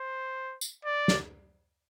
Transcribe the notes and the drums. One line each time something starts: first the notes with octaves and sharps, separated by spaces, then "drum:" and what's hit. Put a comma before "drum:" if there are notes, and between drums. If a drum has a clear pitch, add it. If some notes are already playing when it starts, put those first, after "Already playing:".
Already playing: C5
drum: tambourine
D5
drum: snare